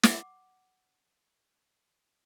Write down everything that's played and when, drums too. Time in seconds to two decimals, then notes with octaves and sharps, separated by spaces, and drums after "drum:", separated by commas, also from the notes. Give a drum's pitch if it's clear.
0.03 F#5 D6, drum: snare